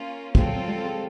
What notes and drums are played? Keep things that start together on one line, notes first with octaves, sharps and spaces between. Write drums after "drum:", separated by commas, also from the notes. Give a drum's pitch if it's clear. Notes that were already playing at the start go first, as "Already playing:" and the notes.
Already playing: A#3 C#4 F4
F3 C4 F4 A4, drum: kick
F#3
F#3
G3
G#3